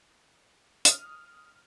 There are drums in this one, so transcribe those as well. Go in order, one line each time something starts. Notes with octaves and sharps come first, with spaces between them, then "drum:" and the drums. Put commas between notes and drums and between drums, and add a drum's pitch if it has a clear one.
D#6 F6, drum: hi-hat